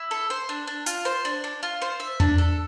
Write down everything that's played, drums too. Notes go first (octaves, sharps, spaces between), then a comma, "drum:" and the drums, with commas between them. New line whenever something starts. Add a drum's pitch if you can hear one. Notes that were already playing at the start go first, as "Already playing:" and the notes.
Already playing: E4
A4
C5
D4
D4
F4, drum: hi-hat
C5
D4
D4
F4
C5
E5
D4, drum: tom E2
A4